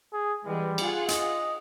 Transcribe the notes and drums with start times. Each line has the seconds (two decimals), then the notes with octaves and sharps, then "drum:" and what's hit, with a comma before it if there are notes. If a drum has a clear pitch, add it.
0.13 G#4
0.45 E3 G3 G#3 B3
0.78 F4 G#4 F#5, drum: cymbal
1.08 D#5, drum: hi-hat